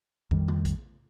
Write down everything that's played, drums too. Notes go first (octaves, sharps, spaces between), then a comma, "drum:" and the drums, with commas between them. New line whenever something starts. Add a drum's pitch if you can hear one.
F2 D#3 G3, drum: kick A#1
drum: tom C#3
drum: kick A#1, hi-hat